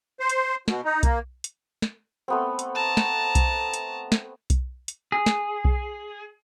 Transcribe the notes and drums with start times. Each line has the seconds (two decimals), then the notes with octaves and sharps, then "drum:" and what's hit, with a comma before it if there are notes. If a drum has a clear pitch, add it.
0.20 C5
0.29 drum: hi-hat
0.68 B2, drum: snare
0.85 D#4
1.03 A#3, drum: kick B1, hi-hat
1.44 drum: hi-hat
1.82 drum: snare
2.28 A3 B3 C4
2.59 drum: hi-hat
2.75 A5 A#5
2.97 drum: snare
3.35 drum: kick B1, hi-hat
3.73 drum: hi-hat
4.12 drum: snare
4.50 drum: kick B1, hi-hat
4.88 drum: hi-hat
5.12 G#4
5.26 drum: snare
5.65 drum: kick B1